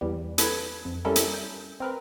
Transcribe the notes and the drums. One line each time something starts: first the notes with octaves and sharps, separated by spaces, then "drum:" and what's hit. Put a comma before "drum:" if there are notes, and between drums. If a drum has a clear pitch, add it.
E2 E3 G3
A4 B4 B5 G#6, drum: hi-hat
F2
G3 C#4 E4 A4 A#4
drum: hi-hat
G6
C4 A#4 B4